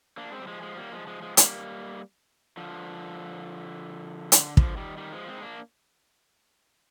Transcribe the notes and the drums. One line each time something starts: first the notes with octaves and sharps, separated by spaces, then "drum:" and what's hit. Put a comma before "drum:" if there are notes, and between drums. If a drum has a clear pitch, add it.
A#3 D4
G#3 C4
G3
F3 G#3
F3 G#3
G3 A#3
F3 G#3
F3 G#3
F3 G#3
G3 A#3, drum: hi-hat
D3 F3
D#3, drum: hi-hat
D3
D3 F3, drum: kick
D#3 G3
D#3 G3
F3 G#3
G#3 C4
D#4
A#3 D4